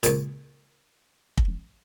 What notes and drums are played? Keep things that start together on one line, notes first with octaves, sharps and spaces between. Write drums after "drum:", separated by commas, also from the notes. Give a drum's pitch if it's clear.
C#2 A#2, drum: hi-hat
drum: kick